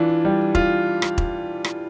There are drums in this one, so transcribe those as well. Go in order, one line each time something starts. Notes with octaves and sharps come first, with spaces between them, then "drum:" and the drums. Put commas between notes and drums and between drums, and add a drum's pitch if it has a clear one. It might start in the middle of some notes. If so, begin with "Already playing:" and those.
Already playing: E3 D4 F4
G3
F4, drum: kick E1
drum: rim click
drum: kick E1
drum: rim click